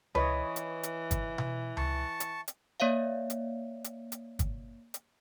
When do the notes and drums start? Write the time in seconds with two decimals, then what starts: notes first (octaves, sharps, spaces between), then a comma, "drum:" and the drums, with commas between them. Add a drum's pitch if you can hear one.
0.15 E3 B4 C#5 D#5, drum: tom C#2
0.56 drum: hi-hat
0.83 drum: hi-hat
1.11 drum: kick, hi-hat
1.38 drum: tom B2
1.77 A5 C#6, drum: tom C#2
2.20 drum: hi-hat
2.48 drum: hi-hat
2.80 A#3 C#5 D5 E5 F5
3.30 drum: hi-hat
3.84 drum: hi-hat
4.12 drum: hi-hat
4.39 drum: kick, hi-hat
4.94 drum: hi-hat